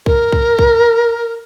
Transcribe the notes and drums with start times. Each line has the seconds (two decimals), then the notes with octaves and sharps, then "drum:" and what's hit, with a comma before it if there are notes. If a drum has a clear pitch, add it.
0.06 A#4, drum: kick C2
0.32 drum: kick C2
0.59 drum: kick C2